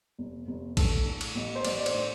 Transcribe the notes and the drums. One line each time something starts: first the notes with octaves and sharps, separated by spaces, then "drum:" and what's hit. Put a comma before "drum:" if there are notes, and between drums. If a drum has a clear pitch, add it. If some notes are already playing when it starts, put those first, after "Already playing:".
F1
F1
A2 A4, drum: kick, cymbal
A2
drum: cymbal
A1
C5
A1 D5, drum: cymbal
D5
C5, drum: cymbal
A2